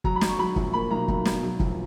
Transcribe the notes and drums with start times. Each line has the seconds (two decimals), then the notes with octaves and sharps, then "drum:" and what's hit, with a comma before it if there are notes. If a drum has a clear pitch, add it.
0.04 F#3 A#5, drum: kick
0.16 B5
0.21 F#3, drum: snare
0.27 C#6
0.38 F#3 B5
0.56 A#1, drum: kick
0.73 A#3 B5
0.91 B1 A#5
1.08 B1, drum: kick
1.25 B2, drum: snare
1.43 F#3
1.60 A#1, drum: kick